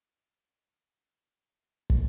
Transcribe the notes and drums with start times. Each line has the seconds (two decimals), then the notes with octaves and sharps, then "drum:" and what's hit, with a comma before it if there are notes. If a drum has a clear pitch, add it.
0.20 D2 A#2 G3 C#5
1.90 drum: kick